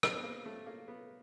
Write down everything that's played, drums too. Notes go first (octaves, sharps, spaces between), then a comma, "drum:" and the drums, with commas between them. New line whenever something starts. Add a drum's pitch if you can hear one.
C4, drum: rim click
B3
A#3
A3
A#3
B3